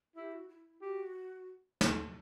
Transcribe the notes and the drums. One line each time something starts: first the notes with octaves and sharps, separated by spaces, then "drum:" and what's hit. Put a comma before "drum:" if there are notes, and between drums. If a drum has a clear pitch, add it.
E4 G4
F#4
E4
F#4 G4
drum: snare